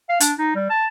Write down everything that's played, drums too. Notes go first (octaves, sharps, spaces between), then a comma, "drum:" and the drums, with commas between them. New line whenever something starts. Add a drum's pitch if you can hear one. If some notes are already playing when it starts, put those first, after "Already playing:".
F5
D4, drum: hi-hat
D#4
G3
A5